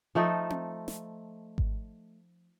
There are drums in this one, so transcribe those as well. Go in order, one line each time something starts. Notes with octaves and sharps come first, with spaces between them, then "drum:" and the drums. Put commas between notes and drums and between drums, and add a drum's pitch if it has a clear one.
F3 A3 D#4 A4
drum: tom C4
drum: snare
drum: kick G#1